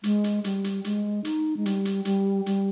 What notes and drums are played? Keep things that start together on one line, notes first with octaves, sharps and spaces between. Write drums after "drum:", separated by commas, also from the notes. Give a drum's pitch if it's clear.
G#3, drum: hi-hat
drum: hi-hat
G3, drum: hi-hat
drum: hi-hat
G#3, drum: hi-hat
D#4, drum: hi-hat
G#3
G3, drum: hi-hat
drum: hi-hat
G3, drum: hi-hat
G3, drum: hi-hat